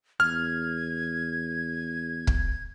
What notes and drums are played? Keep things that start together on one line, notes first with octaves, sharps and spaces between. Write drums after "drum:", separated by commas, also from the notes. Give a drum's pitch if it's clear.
E2 F6 G#6
drum: kick